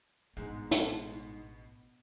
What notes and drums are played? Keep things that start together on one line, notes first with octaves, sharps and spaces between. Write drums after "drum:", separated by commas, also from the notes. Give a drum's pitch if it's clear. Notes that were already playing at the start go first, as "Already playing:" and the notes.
A1 G#2 B2 B3 D4
drum: hi-hat